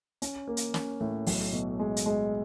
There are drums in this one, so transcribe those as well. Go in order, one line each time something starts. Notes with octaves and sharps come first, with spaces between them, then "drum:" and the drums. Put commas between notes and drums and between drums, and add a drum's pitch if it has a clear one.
C#4, drum: hi-hat
A#3
drum: hi-hat
C#4, drum: snare
A2
B1, drum: open hi-hat
B2
G#3
drum: hi-hat
G#3